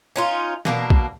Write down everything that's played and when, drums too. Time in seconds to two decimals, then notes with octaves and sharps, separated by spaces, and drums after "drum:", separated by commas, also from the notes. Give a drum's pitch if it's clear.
0.16 C#4 D#4 F4
0.65 B2 A#3 D4, drum: snare
0.90 drum: kick A#1